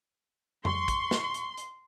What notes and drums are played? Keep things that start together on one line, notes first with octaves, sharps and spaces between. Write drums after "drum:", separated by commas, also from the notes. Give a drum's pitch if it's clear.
C6 C#6, drum: tom F2
drum: kick, hi-hat
drum: snare
drum: hi-hat
drum: hi-hat